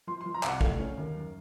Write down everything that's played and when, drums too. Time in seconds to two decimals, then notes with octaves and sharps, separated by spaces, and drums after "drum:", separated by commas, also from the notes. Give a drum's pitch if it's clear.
0.07 F3 C6
0.21 C6
0.26 F3
0.34 A#5
0.43 C2 F5 F#5, drum: clap
0.61 A3 F5, drum: kick
0.80 C#4
0.98 D#2
1.15 F#2